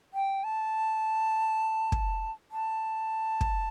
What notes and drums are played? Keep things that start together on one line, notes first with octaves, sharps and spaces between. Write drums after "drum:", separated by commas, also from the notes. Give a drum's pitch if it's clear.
G5
A5
drum: kick
A5
drum: kick